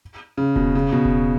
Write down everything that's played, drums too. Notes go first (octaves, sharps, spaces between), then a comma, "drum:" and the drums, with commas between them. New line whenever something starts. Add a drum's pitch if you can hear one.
C#3
B2, drum: kick E1
C#3
B2
drum: kick E1